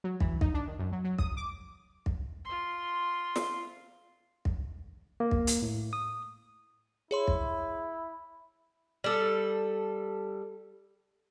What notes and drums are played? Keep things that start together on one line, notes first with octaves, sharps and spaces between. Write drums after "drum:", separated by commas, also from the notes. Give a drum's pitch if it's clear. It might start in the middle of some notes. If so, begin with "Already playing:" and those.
F#3
E3, drum: kick
D#4, drum: kick
D4
D#3
F#2
F#3
F#3
D#6, drum: kick
D6
drum: kick
F4 C6
drum: snare
drum: kick
A#3
drum: kick
drum: hi-hat
A2
D#6
E4 G#4 C#5 C6
drum: kick
G3 A4